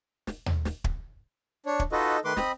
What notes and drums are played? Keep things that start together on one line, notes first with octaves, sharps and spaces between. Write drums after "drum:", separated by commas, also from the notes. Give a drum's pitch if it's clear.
drum: snare
drum: tom D#2
drum: snare
drum: kick
D4 C#5
drum: kick
D#4 F4 F#4 A4 B4 D#5
D#3 A3 B4 C6 D6
C4 D#5 B5 D#6, drum: snare